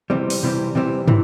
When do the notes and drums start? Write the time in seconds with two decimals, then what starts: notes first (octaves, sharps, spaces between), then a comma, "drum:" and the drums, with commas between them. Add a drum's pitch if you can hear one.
0.10 C3 E3 G3 C4
0.30 drum: open hi-hat
0.43 C3 E3 G3 C4
0.75 C3 E3 G3 C4
1.08 C3 E3, drum: tom